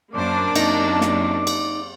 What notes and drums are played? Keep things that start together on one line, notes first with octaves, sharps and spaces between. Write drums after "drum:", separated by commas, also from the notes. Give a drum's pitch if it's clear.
F#2 A#3 D4 C5 D5 D6
F#2 C3 D#4, drum: cymbal
drum: snare
drum: cymbal